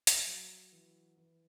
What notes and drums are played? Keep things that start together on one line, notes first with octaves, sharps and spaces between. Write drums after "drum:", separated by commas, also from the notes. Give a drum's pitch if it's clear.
drum: hi-hat
F#3
E3
E3